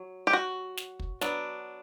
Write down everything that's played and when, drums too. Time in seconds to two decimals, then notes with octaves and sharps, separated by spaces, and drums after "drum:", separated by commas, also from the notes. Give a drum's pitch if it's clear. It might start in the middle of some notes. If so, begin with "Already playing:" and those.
Already playing: F#3
0.27 G4
0.33 F#4
0.77 drum: snare
1.00 drum: kick
1.21 F#3 B3 D4, drum: snare